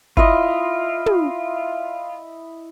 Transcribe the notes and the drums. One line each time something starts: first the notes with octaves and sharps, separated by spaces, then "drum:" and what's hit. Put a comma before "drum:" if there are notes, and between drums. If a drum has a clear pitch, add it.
E4 F4 D#5, drum: kick G1
drum: tom